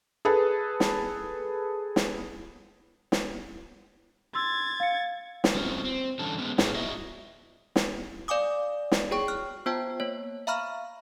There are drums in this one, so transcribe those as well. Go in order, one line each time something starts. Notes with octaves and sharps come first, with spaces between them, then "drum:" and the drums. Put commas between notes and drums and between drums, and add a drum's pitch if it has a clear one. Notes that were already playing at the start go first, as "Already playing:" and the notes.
G#4 A4 B4
drum: snare
drum: snare
drum: snare
C6 E6 G#6 A6
F5 C#7
drum: snare
F#3 G#3 A3 C4 C#4 F4
C4
D3 E3 G3 C#4 A4
G#3 B3 C#4
G#2 G#3 F#4 G#4 F5, drum: snare
F#4 D#5 E5
drum: snare
D5 F5 G#5 D6 D#6
drum: snare
F#4 G#4 C#5 G5 C#6
F6 F#6
B3 F4 C5 G5 A5
A#3 C#5
E5 F5 A#5 B5 C#6 F6